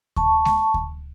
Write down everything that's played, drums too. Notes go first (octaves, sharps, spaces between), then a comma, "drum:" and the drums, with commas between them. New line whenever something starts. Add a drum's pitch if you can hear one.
A5 C#6, drum: kick D2
drum: snare G#3
drum: kick D2